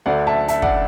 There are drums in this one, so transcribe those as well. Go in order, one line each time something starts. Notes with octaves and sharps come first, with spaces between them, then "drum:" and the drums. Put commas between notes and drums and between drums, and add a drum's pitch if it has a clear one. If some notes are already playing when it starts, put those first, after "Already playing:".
D2 D3 D5 F#5
E5 A5
E5 A5, drum: hi-hat
D5 F#5, drum: kick